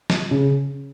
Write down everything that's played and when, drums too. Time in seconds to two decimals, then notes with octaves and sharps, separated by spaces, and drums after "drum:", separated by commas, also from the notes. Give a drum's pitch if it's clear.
0.10 drum: snare
0.31 C#3